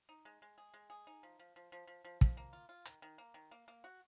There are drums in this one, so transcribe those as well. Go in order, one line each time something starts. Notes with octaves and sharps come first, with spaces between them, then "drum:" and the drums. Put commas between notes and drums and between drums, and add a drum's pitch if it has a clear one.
D#4
G#3
G#3
G#4
G#3
G#4
D#4
F3
F3
F3
F3
F3
F3
F3, drum: kick
A#3
F4
F4
D#3, drum: hi-hat
D#3
A#3
D#3
A#3
A#3
F#4